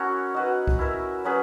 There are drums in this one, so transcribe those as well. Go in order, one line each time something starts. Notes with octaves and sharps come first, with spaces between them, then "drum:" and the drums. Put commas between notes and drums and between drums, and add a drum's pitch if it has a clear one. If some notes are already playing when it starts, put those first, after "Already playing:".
Already playing: C#4 E4 F#4 A#4 C#5
D#4 F#4 B4
drum: kick C2
E4 A#4 E5
F#3 C#4 G#4 B4